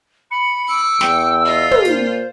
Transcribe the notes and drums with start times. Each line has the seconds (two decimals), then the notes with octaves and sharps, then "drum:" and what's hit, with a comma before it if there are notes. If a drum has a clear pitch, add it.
0.31 B5 C#7
0.68 D6 E6 C#7
1.01 E2 G5, drum: snare
1.45 F4 D#5
1.71 drum: tom
1.85 A#2 C5, drum: hi-hat